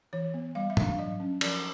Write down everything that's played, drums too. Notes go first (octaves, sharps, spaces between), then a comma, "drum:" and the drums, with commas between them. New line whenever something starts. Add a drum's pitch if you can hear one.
E3 C#5
B3
G3 F5
E5
D4, drum: tom G#2
F5
F#3 D#5
C#4
F3 D5, drum: cymbal